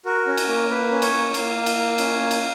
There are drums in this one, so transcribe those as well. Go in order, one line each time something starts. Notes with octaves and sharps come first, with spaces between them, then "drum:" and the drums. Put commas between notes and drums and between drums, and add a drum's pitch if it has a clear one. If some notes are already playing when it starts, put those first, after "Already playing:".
F#4 A#4
C#4
drum: cymbal
A#3
A#3 B4
C#4
C#5, drum: cymbal
A#3
A#3 F5, drum: cymbal
A#3
drum: cymbal
A#3
C#4, drum: cymbal
A#3
drum: cymbal